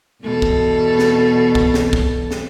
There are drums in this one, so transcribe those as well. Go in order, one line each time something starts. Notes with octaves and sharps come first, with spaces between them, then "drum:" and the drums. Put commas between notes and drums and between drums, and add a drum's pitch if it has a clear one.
E2 B2 A4
drum: kick
drum: snare
drum: kick
drum: snare
drum: kick
drum: snare